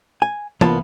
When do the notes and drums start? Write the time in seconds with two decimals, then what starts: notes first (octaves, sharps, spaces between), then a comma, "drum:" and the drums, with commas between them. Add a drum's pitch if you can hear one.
0.22 G#5
0.61 C2 A#2 A#3 B3 F4 A5, drum: tom